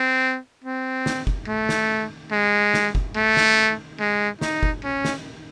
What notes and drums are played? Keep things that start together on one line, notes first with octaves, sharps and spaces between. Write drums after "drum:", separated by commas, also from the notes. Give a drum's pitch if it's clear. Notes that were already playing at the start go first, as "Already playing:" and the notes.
Already playing: C4
C4
drum: snare
drum: kick F#1
A3
drum: snare
G#3
drum: snare
drum: kick F#1
A3
drum: snare
G#3
D#4, drum: snare
drum: kick F#1
C#4
drum: snare